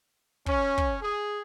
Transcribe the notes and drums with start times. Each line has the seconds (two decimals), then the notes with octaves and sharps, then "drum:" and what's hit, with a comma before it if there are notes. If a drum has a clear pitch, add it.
0.46 C#4, drum: kick
0.78 drum: kick
1.01 G#4